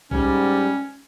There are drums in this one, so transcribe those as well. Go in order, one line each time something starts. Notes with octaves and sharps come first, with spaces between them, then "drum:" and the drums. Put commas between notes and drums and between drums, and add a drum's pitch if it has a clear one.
G#2 G3 C#4, drum: kick B1